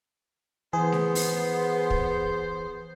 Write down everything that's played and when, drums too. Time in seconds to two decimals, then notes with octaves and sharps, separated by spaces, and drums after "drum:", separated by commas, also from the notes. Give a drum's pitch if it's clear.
0.73 E3 B3 G#4 C5
0.92 drum: snare A3
1.15 drum: open hi-hat
1.90 drum: kick